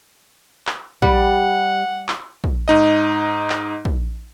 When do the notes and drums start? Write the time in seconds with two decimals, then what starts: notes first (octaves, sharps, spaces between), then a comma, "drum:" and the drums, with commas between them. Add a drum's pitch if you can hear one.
0.67 drum: clap
1.02 G3 F#5, drum: kick
2.08 drum: clap
2.44 drum: kick
2.68 G#2 D#4 D#5
3.50 drum: clap
3.85 drum: kick